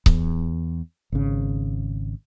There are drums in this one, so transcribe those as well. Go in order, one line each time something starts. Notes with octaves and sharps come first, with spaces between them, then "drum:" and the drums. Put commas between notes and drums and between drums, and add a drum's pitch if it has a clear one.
E2, drum: kick C#1
G#1 C#3